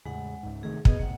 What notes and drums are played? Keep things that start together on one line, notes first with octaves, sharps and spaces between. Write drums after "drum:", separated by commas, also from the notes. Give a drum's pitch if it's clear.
E2 A2 C#3 G#3 F#5
C#2 G#2
C3 D#3 A3 G#4
B2 B3 G#4 D#5, drum: kick
E1 C3 A#3 F#5